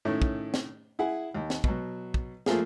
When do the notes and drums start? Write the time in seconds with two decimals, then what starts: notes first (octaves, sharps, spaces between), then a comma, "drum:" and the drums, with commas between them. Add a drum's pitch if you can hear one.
0.05 A2 D#3 A3 C#4
0.22 drum: kick
0.54 drum: snare
0.99 E4 G#4 F#5
1.34 D#2
1.50 drum: snare
1.64 B2 F#3, drum: kick
2.14 drum: kick
2.46 F3 A3 A#3 F4 G#4, drum: snare